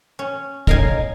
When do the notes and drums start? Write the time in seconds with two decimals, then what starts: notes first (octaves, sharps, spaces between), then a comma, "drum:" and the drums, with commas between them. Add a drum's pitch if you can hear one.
0.19 C#4
0.67 D#4 A#4 C#5 D#5 F5 G#5, drum: kick, hi-hat